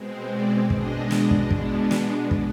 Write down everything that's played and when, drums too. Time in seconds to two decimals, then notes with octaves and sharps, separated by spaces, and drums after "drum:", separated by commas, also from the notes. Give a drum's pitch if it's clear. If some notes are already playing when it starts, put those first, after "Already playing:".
Already playing: B2 G#3 C4
0.31 D5
0.70 B2 G#3 D4 D#5, drum: kick
1.11 drum: snare
1.31 drum: kick
1.51 B2 G#3 B3 D4, drum: kick
1.91 drum: snare
2.31 drum: kick